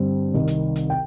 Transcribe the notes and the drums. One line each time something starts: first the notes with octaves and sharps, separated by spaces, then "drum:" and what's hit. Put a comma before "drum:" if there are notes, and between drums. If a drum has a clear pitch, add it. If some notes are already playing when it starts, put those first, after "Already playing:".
Already playing: G2 D3 G3 C4
C2 C3 D#3
drum: hi-hat
drum: hi-hat
G5